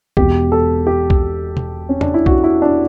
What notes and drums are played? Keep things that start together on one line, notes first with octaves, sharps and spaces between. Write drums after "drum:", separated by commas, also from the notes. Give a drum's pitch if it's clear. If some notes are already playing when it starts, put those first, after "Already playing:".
E1 E2 B2 G4, drum: kick B1
A4
G4
drum: kick B1
drum: tom
C#4
D4, drum: tom
E4
F#4, drum: kick B1
E4
D4